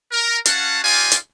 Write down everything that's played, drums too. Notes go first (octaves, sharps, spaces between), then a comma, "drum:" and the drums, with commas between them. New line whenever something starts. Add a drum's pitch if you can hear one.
A#4
C#4 F#4 F5 F#5 A5, drum: hi-hat
D#4 F4 G4 D5 F5 G#5
drum: hi-hat